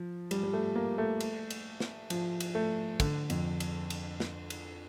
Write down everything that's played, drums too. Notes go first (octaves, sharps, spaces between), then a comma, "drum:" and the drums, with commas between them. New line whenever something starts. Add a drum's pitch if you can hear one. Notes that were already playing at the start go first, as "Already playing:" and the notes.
Already playing: F3
G3, drum: cymbal
G3
A3
A#3
A3
drum: cymbal
drum: cymbal
drum: snare
F3, drum: cymbal
drum: cymbal
A3
D3, drum: kick, cymbal
F2, drum: cymbal
drum: cymbal
drum: cymbal
drum: snare
drum: cymbal